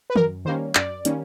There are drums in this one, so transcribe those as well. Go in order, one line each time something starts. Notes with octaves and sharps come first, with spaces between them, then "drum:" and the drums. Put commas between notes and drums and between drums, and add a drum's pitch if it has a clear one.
B4
F#2 A#4, drum: tom D#3
D#3 G3 A#3 C#4 C5
F#2 D5, drum: clap
D#3 G3 A#3 C#4, drum: hi-hat